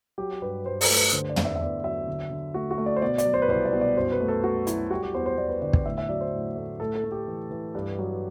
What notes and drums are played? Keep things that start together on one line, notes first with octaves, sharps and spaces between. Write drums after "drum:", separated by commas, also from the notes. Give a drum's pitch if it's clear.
F#3 G4
G2 B4
G2 C5
A4, drum: open hi-hat
A3
B4
D3 C5
D5
D3, drum: tom
E5
E5
E2 D5
F#3 E5
D3
D3
A3 F#4
F#4
A3
D5
C5
B2 D5
D5, drum: hi-hat
F#3
C5
B4
C2 C5
D5
B2
D5
F#2 C5
B4
A3
A4
A3 F#4
F#3 E4, drum: hi-hat
G3 F#4
G4
E2 C5
C5
E2 D5
B4
D3 D5
D5, drum: kick
A2 E5
E5
F#3 D5
C5
A2
A3
A2 A4
A4
A3
G4
E3
E3
G2
F#3